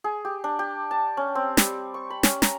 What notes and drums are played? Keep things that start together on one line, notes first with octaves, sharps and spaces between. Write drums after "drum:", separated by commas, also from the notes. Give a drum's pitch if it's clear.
G#4
G4
D4
G4
A5
C#4
C4
G3, drum: snare
C#6
B5
C#4, drum: snare
A#5, drum: snare